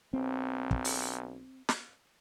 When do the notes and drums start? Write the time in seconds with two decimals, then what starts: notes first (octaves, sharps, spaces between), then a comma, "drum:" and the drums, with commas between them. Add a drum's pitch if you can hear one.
0.13 B1 C4
0.71 drum: kick
0.85 drum: open hi-hat
1.69 drum: snare